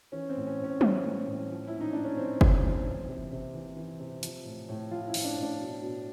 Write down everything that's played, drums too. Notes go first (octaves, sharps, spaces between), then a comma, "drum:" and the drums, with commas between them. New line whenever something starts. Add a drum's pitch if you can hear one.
E3 C#4
C4
A2
C#4
A2
C#4
E3 C#4, drum: tom F#3
E3
A2
F3
E4
A#2
D#4
A#2 D4
C#4
F3 C4
F3, drum: kick F#1
A#2
E3
C3
C3
E3
E3
C3
F3, drum: hi-hat
A2
A2
F3 F4
E4
F3, drum: open hi-hat
D4
A2
D4
B2
B2